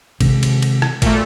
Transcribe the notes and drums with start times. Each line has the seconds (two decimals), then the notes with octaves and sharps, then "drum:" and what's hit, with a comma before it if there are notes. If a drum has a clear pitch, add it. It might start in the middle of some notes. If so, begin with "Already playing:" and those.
0.20 C3 D#3 G#3, drum: kick, cymbal
0.43 drum: cymbal
0.62 drum: cymbal
0.82 drum: rim click
1.02 A#2 A3, drum: kick, cymbal